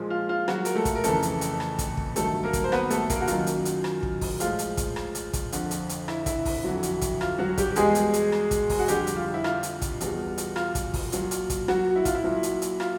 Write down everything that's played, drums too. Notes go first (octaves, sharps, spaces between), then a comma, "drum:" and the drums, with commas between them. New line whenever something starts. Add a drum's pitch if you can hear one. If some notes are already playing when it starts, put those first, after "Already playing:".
Already playing: A#2 F3 G#3
F4
F4
F#3 F#4, drum: rim click
A#4, drum: hi-hat
A3 A4
drum: kick, hi-hat
A#4
F2 C#3 E3 A3 A4, drum: hi-hat
drum: hi-hat
drum: hi-hat
drum: rim click
drum: kick, hi-hat
drum: kick
G2 D#3 F#3 A3 A4, drum: hi-hat
A#3 A#4
drum: kick, hi-hat
C5
B3 B4, drum: rim click
A3 A4, drum: hi-hat
A#3 A#4, drum: kick, hi-hat
F#4
F#2 D#3 F#3 F4, drum: hi-hat
drum: hi-hat
drum: hi-hat
drum: rim click
drum: kick
drum: kick, open hi-hat
A2 F3 G#3 F4, drum: hi-hat
drum: hi-hat
drum: kick, hi-hat
drum: rim click
drum: hi-hat
drum: kick, hi-hat
F2 D3 F3, drum: hi-hat
drum: hi-hat
drum: hi-hat
E4, drum: rim click
E4, drum: kick, hi-hat
drum: kick, open hi-hat
F2 D3 F#3
drum: hi-hat
drum: kick, hi-hat
F4, drum: rim click
F#3 F#4
G3 G4, drum: kick, hi-hat
G4
E2 B2 G3 G#3 G#4, drum: hi-hat
drum: hi-hat
drum: hi-hat
drum: rim click
drum: kick, hi-hat
drum: kick, open hi-hat
F#4
F2 D3 G3 G4, drum: hi-hat
drum: hi-hat
F4
E4
F4, drum: rim click
drum: hi-hat
drum: kick, hi-hat
E2 B2 G3, drum: hi-hat
drum: hi-hat
F4, drum: rim click
drum: kick, hi-hat
drum: kick, open hi-hat
A#2 F#3, drum: hi-hat
drum: hi-hat
drum: kick, hi-hat
F#3 F#4, drum: rim click
E4
F4, drum: kick, hi-hat
E4
A#2 F#3
drum: hi-hat
drum: hi-hat
F4, drum: rim click